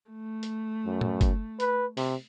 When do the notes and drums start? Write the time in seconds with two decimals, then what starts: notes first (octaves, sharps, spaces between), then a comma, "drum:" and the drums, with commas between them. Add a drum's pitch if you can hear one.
0.11 A3
0.43 drum: hi-hat
0.86 F#2
1.01 drum: tom A2
1.21 drum: kick, hi-hat
1.60 B4, drum: hi-hat
1.97 C3, drum: open hi-hat